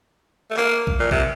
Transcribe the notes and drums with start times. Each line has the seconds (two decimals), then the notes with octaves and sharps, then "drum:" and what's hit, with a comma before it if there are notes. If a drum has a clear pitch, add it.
0.50 A3
0.57 A#3, drum: clap
0.87 drum: kick B1
1.00 A#2
1.11 C3, drum: kick B1